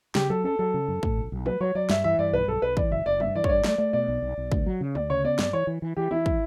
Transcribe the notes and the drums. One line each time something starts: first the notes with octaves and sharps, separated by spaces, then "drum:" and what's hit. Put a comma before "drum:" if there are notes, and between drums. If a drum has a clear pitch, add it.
C#3 G4, drum: snare
F#3 A4
C#4 A4
F#3 A4
C#3
F#2
A2, drum: kick
B1
B1
F#3 B4, drum: tom
F#3 C#5
F#3 D5
G2 E5, drum: snare
E3 E5
G2 D5
B1 B4
B1 A4
B1 B4
E3 D5, drum: kick
F#1 E5
F#1 D5
G2 E5, drum: tom
E3 D5
C#5, drum: kick
G2 D5
A3 D5, drum: snare
A3 D5
B2 D5
B1
B1
B1
D2, drum: kick
F#3
C#3
D2 D5, drum: tom
C#3 C#5
B3 D5
G2 D5, drum: snare
E3 C#5
E3
E3
E3 G4
E3 E4
drum: kick